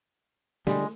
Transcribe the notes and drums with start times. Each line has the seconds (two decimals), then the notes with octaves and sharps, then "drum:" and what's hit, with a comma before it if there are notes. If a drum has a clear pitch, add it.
0.67 D3 G3 G#3, drum: snare